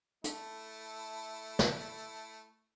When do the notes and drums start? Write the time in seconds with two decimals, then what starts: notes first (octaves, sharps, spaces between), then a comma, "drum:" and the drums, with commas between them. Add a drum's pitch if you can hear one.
0.24 A3 E4 A4, drum: hi-hat
1.59 drum: snare